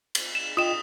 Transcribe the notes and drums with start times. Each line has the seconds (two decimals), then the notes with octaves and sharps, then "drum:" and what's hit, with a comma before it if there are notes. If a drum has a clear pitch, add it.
0.15 drum: cymbal
0.35 E7
0.57 F4 D#5 G5 D#6 E7